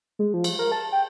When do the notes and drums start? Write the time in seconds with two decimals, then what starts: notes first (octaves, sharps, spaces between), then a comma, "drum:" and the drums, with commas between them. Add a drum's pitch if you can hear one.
0.19 G#3
0.34 F3
0.44 drum: cymbal
0.59 A#4
0.72 A5
0.92 G5